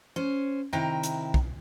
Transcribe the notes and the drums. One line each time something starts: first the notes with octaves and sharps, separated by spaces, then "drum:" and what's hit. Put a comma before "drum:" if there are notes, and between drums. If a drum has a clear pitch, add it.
C#4 C5
C3 D#3 E4 G5 A#5
drum: hi-hat
drum: kick B1